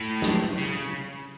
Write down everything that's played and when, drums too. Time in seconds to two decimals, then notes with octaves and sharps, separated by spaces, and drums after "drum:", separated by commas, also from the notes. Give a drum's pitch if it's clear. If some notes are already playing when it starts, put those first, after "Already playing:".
Already playing: A2
0.22 drum: snare
0.58 C#3